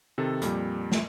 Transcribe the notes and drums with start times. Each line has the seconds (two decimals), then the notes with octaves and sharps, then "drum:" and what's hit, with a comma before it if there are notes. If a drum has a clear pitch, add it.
0.18 C3 D#3 A4
0.42 F2 A#2 G3, drum: hi-hat
0.92 drum: snare